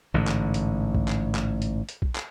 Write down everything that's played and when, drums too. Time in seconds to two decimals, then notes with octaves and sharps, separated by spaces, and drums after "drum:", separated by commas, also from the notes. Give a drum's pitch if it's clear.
0.14 A1 G#2 D3
0.27 drum: clap
0.54 drum: hi-hat
0.95 drum: kick A#1
1.08 drum: clap
1.35 drum: clap
1.62 drum: hi-hat
1.89 drum: hi-hat
2.02 drum: kick A#1
2.15 drum: clap